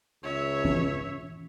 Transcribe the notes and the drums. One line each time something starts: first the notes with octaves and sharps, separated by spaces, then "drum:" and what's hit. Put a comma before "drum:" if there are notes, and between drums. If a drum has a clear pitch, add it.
C#2 C#5 E5
drum: tom